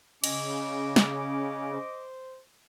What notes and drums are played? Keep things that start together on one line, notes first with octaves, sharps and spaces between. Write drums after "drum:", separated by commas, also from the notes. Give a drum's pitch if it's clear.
C#3 C#4 D#5 D6, drum: cymbal
drum: snare
C5